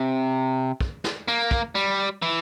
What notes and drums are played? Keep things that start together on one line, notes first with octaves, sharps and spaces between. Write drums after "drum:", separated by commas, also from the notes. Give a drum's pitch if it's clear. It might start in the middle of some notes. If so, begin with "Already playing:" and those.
Already playing: C3
drum: kick
drum: snare
A#3
drum: kick
G3
E3